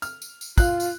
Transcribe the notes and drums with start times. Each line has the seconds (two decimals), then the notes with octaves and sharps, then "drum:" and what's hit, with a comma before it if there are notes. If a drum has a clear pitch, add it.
0.02 F6, drum: tambourine
0.22 drum: tambourine
0.41 drum: tambourine
0.58 F4 F5 F#6, drum: kick, tambourine
0.80 drum: tambourine